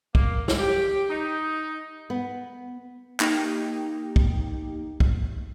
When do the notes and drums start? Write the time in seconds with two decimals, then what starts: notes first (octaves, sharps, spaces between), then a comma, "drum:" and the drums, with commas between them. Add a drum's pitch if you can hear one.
0.15 A#3, drum: kick
0.48 drum: snare
0.59 G4
1.10 D#4
2.10 B3
3.20 A#3 D#4 G4 G5, drum: clap
4.16 drum: kick
5.00 drum: kick